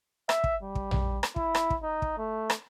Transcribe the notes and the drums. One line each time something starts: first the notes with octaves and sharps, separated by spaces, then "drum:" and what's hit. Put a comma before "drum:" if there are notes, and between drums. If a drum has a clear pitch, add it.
E5, drum: rim click
drum: kick
G3
drum: kick
drum: tom A#1
drum: rim click
E4, drum: kick
drum: rim click
drum: kick
D#4
drum: kick
A3
drum: rim click